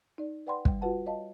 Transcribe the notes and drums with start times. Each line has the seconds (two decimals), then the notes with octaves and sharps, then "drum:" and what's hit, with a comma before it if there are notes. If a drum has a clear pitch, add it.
0.18 D#4 D5
0.47 B4 D5 F#5 G5 B5 C6
0.65 G3 G5, drum: kick
0.81 F4 F#4 B4 F#5 A5
1.06 C#5 D#5 F5 A5